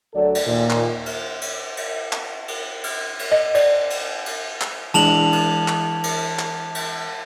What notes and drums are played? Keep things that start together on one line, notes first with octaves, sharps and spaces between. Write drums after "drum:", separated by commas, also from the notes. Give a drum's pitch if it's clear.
D2 F#3 A4 D5
drum: cymbal
D#2 A#2
drum: clap
drum: cymbal
drum: cymbal
drum: cymbal
drum: clap
drum: cymbal
drum: cymbal
drum: cymbal
D#5
D5, drum: cymbal
drum: cymbal
drum: cymbal
drum: clap
E3 G#3 D4 A5 F7 F#7, drum: cymbal
drum: cymbal
drum: clap
drum: cymbal
drum: clap
drum: cymbal